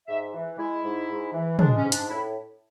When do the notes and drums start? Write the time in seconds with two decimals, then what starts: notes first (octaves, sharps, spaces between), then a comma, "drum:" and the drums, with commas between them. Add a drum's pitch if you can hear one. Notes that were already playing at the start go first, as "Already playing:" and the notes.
0.08 G#2 E5
0.33 E3
0.58 G#3 E4
0.84 G#2
1.09 G#2
1.33 E3
1.59 G#3 D4, drum: tom
1.76 C#4
1.84 G#2
1.92 D4, drum: hi-hat
2.09 A2 E4